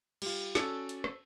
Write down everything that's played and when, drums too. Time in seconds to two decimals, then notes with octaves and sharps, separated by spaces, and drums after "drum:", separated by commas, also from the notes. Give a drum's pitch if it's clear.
0.22 G3 F4, drum: cymbal
0.55 C#4 F#4 A4 D5, drum: snare
0.89 drum: hi-hat
1.04 drum: rim click